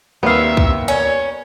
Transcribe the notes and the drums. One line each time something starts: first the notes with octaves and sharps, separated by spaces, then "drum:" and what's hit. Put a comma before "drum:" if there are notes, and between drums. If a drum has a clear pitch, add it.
D#2 G3 B3 C4 E5 F5
drum: kick B1
C#4 C#5